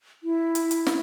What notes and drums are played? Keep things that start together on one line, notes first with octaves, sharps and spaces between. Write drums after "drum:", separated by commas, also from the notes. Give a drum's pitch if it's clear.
E4
drum: hi-hat
drum: hi-hat
drum: snare